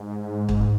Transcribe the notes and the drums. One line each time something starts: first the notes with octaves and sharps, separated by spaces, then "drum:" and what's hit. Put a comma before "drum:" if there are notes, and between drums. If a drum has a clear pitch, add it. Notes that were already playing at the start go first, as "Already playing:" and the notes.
Already playing: G#2
G#2, drum: kick